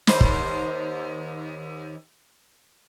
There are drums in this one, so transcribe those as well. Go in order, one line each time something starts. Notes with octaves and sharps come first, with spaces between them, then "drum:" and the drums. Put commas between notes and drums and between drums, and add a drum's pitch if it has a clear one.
D#2 D#4 C5, drum: snare
drum: kick